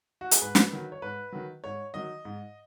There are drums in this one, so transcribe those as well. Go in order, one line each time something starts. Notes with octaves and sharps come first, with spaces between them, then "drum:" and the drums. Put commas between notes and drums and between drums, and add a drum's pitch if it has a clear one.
F#4
G#4, drum: hi-hat
G#2 B4
drum: snare
D#3 F#3
C#5
G#2 B4
D#3 F#3
G#2 C#5
D#3 F#3 D#5
G#2